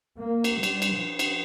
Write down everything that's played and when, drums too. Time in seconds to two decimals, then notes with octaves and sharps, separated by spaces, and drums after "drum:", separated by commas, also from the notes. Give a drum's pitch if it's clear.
0.20 A#3
0.44 drum: cymbal
0.63 G3, drum: cymbal
0.82 drum: cymbal
0.96 F3
1.19 drum: cymbal